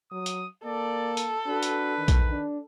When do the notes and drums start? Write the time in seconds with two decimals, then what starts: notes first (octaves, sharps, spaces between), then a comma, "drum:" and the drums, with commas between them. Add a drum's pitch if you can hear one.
0.11 F#3 D#6
0.26 drum: hi-hat
0.65 A#3 A4 D5
1.17 drum: hi-hat
1.47 D4 F#4 B4
1.63 drum: hi-hat
1.98 D#3
2.08 drum: kick, hi-hat
2.31 D4